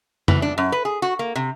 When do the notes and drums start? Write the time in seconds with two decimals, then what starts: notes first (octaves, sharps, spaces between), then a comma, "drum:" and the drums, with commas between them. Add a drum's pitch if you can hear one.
0.28 E3, drum: tom
0.42 D4
0.58 F#2
0.72 B4
0.85 G#4
1.02 F#4
1.19 A#3
1.36 C3